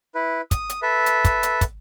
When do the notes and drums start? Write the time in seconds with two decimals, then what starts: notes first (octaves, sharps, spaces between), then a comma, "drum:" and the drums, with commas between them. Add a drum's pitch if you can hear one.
0.15 E4 B4
0.51 D#6, drum: kick, hi-hat
0.69 drum: hi-hat
0.82 A4 B4 E5
1.06 drum: hi-hat
1.25 drum: kick, hi-hat
1.43 drum: hi-hat
1.61 drum: kick, hi-hat